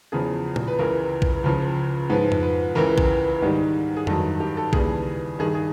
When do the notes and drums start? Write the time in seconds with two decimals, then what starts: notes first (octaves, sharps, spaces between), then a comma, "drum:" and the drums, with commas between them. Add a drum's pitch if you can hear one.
0.12 E2 C#3 F3 G#4
0.56 drum: tom A#2
0.68 B4
0.79 C#2 C#3 E3 A#4
1.22 drum: kick A#1
1.44 C#2 C#3 F3
2.10 G#2 F3 B4
2.32 drum: tom F2
2.43 B4
2.75 C#2 C#3 E3 A#4
2.98 drum: kick A#1
3.42 G#2 D#3 G3
3.96 G#4
4.07 G2 D#3 F#3 A4, drum: tom F2
4.40 G4
4.57 A4
4.73 D#2 C#3 E3 G3 G#4, drum: kick A#1
5.39 G2 D#3 G3 G#4
5.54 G#4